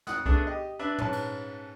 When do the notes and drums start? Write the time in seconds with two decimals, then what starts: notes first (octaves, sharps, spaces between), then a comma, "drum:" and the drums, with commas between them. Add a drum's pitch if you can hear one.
0.07 F2 F#5 D#6 F#6, drum: snare
0.26 A3 B3 D4 G#4, drum: kick C2
0.46 G4 D#5
0.79 D4 B4 E5
0.98 G#2 C#4 B4 A5, drum: tom
1.13 drum: cymbal